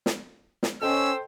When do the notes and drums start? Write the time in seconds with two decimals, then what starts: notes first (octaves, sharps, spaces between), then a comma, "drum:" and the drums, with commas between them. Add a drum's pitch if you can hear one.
0.06 drum: snare
0.63 drum: snare
0.82 C#4 A4 C5 D#5 G5 E6